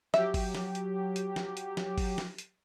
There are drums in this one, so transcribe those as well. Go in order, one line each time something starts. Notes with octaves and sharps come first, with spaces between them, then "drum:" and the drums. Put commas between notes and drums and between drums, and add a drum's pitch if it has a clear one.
F#3 G4 E5, drum: snare
drum: kick G1, open hi-hat
drum: snare
drum: hi-hat
drum: hi-hat
drum: snare
drum: hi-hat
drum: snare
drum: kick G1, open hi-hat
drum: snare
drum: hi-hat